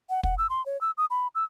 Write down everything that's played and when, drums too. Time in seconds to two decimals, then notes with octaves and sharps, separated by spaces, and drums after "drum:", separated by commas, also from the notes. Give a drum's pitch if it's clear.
0.10 F#5
0.23 F#5, drum: kick
0.38 E6
0.50 C6
0.66 C#5
0.81 E6
0.98 D#6
1.10 B5
1.35 E6